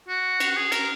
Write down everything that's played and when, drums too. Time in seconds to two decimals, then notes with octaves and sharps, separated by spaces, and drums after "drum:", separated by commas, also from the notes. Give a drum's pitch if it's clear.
0.08 F#4
0.40 drum: cymbal
0.57 G#4
0.72 A#4, drum: cymbal